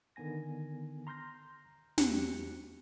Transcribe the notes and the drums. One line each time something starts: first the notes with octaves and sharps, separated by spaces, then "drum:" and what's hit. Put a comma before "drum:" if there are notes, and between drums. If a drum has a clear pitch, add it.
D3 D#3 B3 G#5 A#6
A#5 C6 F6 G6 A#6
E2 C4 F#4 G4 F#6 C#7, drum: snare